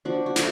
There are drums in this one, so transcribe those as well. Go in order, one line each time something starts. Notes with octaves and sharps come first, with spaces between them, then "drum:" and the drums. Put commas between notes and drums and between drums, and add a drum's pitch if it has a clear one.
F3 D4 F#4
F#4
A3 F4, drum: snare